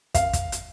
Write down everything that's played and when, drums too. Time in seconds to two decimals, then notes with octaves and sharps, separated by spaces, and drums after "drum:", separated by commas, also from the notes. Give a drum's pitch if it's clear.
0.15 F5, drum: kick, hi-hat
0.33 drum: kick, hi-hat
0.52 drum: hi-hat